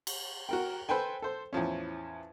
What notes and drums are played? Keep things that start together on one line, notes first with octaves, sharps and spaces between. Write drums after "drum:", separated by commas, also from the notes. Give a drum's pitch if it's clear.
drum: cymbal
F#4 A#4 G5
A4 B4 C5 G5 G#5
A4 C5
E2 A2 F3 C#4